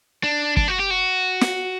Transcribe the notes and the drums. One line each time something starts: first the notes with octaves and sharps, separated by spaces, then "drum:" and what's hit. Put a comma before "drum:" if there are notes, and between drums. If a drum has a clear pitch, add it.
D4
D4, drum: kick
F#4
G4
F#4
drum: snare